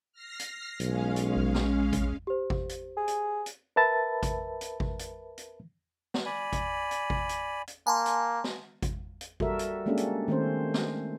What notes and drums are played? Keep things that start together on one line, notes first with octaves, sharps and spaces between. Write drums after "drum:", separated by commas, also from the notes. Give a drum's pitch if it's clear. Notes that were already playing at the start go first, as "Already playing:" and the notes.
F6 A#6 C7
drum: hi-hat
B1 G#3 C#4 F5, drum: hi-hat
drum: hi-hat
A#1
drum: snare
drum: kick G#1, hi-hat
G4 C5
drum: kick G#1
drum: hi-hat
G#4
drum: hi-hat
drum: hi-hat
A#4 B4 E5 A5 B5 A6
drum: kick G#1, hi-hat
drum: hi-hat
drum: kick G#1
drum: hi-hat
drum: hi-hat
drum: snare
D5 G#5 B5
drum: kick G#1, hi-hat
drum: hi-hat
drum: kick G#1
drum: hi-hat
drum: hi-hat
A#3 G#5 A5 C6
drum: hi-hat
drum: snare
drum: kick G#1, hi-hat
drum: hi-hat
G3 F#4 A4 A#4 E5, drum: kick G#1
drum: hi-hat
G#3 A#3 C#4 D4 G4 A4
drum: hi-hat
D#3 A3 C4 C#4 C5
drum: snare